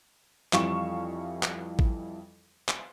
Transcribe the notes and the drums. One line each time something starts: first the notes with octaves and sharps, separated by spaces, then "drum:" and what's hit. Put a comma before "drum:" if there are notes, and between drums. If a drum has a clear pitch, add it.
F2 E3 G3 F5 C#6 E7, drum: clap
drum: clap
drum: kick A1
drum: clap